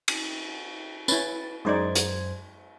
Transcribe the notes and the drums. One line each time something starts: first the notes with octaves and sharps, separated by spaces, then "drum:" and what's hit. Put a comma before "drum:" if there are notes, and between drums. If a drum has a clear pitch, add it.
drum: cymbal
C#4 E4 B4 A6, drum: tambourine
F#2 G#3 D#4 C5 D5 G#6
drum: hi-hat